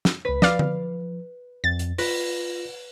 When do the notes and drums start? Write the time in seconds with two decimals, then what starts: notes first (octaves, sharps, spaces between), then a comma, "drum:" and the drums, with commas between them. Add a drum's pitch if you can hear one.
0.05 drum: snare
0.25 C#2 B4 B6
0.42 F3 D5 F5, drum: snare
0.59 drum: tom D3
1.64 F2 A6
1.79 drum: hi-hat
1.98 F4 B4 A#6, drum: open hi-hat